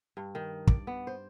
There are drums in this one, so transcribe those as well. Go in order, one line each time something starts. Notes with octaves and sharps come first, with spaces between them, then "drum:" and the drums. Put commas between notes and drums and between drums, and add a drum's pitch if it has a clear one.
G2
D#3
D5, drum: kick
B3
C5